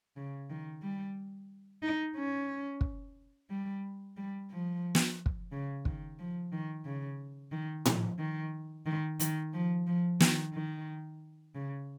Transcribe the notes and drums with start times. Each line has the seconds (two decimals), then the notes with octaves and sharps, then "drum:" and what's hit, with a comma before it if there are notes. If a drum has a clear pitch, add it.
0.17 C#3
0.50 D#3
0.83 G3
1.83 D#4
2.16 C#4
2.81 drum: kick
3.51 G3
4.17 G3
4.51 F3
4.95 drum: snare
5.26 drum: kick
5.52 C#3
5.85 D#3, drum: kick
6.19 F3
6.52 D#3
6.85 C#3
7.52 D#3
7.85 F3, drum: tom A2
8.19 D#3
8.86 D#3
9.20 D#3, drum: hi-hat
9.53 F3
9.87 F3
10.20 D#3, drum: snare
10.54 D#3
11.55 C#3